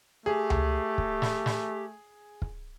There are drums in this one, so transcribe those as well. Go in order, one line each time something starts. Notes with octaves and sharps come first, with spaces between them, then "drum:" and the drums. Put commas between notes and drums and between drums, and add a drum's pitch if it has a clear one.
A3 G4 G#4
drum: tom C#2
drum: kick
drum: snare
drum: snare
drum: kick